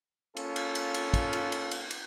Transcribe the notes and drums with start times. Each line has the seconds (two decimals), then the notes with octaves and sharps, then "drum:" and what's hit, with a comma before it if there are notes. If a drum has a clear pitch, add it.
0.37 A#3 C#4 F4 A4, drum: cymbal
0.56 drum: cymbal
0.75 drum: cymbal
0.94 drum: cymbal
1.14 drum: kick, cymbal
1.33 drum: cymbal
1.52 drum: cymbal
1.71 drum: cymbal
1.91 drum: cymbal